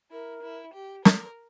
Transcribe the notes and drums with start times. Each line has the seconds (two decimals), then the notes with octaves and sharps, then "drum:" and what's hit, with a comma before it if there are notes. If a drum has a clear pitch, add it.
0.11 E4 A#4
0.43 E4
0.74 G4
1.05 A#4, drum: snare